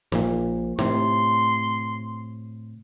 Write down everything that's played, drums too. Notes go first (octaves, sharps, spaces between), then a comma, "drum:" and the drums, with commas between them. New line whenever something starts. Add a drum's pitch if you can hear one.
A#1 A#2, drum: snare
A2 C3 C6, drum: snare